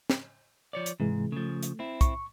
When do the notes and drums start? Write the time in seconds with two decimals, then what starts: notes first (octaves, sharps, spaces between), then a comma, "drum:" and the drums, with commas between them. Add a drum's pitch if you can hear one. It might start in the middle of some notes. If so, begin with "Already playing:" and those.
0.10 drum: snare
0.73 F3 C#5 D5
0.86 drum: hi-hat
1.00 G#2 C3 E3 G#3
1.32 C#3 F3 A3
1.63 drum: hi-hat
1.79 C4 E4
2.01 C#6, drum: kick, hi-hat